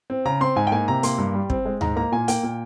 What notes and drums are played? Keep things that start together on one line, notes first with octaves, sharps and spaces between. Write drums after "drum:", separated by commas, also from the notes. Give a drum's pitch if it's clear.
C4
C#3 A#5
C4 C6
G#2 G#5
G5
A#3 G#5
C3 A#5
A#3 C6, drum: hi-hat
G2
G3
C4, drum: kick
G#3
G#2 A#5, drum: tom D2
A#3 A#5
A#2 G#5
A#3 G5, drum: hi-hat
A#2